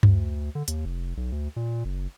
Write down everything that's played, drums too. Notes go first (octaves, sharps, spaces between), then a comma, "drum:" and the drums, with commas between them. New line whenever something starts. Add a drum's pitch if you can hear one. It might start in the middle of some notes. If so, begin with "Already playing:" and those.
D2, drum: tom F#2
D3
D#2, drum: hi-hat
F1
B1
D2
A#2
F#1